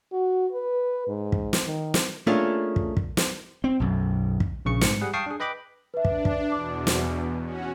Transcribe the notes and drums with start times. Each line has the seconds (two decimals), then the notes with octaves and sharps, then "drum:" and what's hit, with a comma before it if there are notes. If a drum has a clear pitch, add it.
0.12 F#4
0.52 B4
1.08 G#2
1.32 drum: kick
1.53 drum: snare
1.66 D#3
1.94 drum: snare
2.27 A3 A#3 C#4 D4 F4 G#4
2.76 drum: kick
2.97 drum: kick
3.17 drum: snare
3.64 C4
3.80 B1 F#2
4.40 drum: kick
4.65 A#1 C#3 C#6 C#7
4.81 G#2 C#7, drum: snare
5.01 G3 G#4 F#5
5.13 F5 G5 A5 C#6 D#6 C7
5.26 D4 G#4
5.40 B4 D#5 G5 B5 D6
5.94 D4 B4 E5
6.05 drum: kick
6.25 drum: kick
6.52 E2 B2 D6
6.87 drum: snare
7.42 C#4 F#4